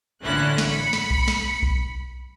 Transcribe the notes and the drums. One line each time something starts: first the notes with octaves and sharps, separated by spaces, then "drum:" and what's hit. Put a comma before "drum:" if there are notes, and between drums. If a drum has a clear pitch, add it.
A1 A#2 D3 C#4 E4 F#6
drum: snare
B5 C#7
drum: snare
drum: kick B1
drum: snare
drum: kick B1